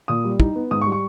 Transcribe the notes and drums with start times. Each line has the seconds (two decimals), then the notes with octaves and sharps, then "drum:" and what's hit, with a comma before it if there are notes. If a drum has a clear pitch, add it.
0.08 A#2 D#6
0.24 G3
0.40 D#4, drum: kick
0.55 B3
0.71 G#2 D#6
0.81 C#6
0.87 G3
0.92 C#6